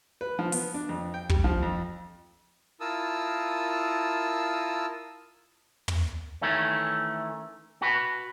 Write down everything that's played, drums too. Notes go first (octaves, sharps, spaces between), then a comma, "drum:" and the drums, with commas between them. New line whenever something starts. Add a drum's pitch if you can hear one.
B4
F3
B3, drum: open hi-hat
D4
F2
G5
G3, drum: kick
F3
F2
E4 F4 A#4 A5 D#6 E6
drum: tom
D#3 E3 A3 C#4
F#4 B4